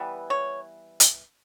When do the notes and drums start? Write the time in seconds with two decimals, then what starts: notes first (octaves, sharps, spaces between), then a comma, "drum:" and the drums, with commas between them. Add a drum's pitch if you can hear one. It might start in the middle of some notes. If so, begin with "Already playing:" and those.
Already playing: E3 G3 B3
0.30 C#5
1.00 drum: hi-hat